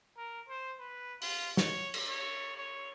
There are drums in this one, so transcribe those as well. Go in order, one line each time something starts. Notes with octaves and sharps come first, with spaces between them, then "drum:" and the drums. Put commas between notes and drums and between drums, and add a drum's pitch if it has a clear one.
A#4
C5
B4
F4, drum: open hi-hat
C#5, drum: snare
drum: cymbal
C#5
C#5